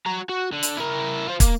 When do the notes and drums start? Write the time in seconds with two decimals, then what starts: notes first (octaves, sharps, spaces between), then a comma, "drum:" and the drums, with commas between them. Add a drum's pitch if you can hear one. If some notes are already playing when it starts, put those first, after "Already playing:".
0.06 F#4 A#5
0.29 F#4
0.52 D3
0.63 drum: hi-hat
0.77 E4 A#4
1.28 F4 C5
1.40 A#3, drum: kick, hi-hat